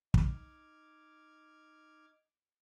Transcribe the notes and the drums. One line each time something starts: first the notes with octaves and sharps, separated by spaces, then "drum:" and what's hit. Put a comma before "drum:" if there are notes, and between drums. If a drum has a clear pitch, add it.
D#4 D6 F6 G#6, drum: kick